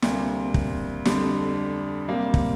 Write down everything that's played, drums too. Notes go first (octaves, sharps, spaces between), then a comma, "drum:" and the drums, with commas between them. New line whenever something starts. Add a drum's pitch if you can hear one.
D2 C3 G3 A#3, drum: snare
drum: kick
F2 D3 G3, drum: snare
C3 G3 A#3
drum: kick